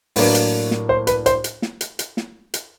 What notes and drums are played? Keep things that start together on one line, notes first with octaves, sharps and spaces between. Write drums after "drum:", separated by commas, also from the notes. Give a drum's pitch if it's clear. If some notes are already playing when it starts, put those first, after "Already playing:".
A2 F#3 A#3 D4 B4, drum: open hi-hat
drum: hi-hat
drum: snare
C5
B4, drum: hi-hat
C5, drum: hi-hat
drum: hi-hat
drum: snare
drum: hi-hat
drum: hi-hat
drum: snare
drum: hi-hat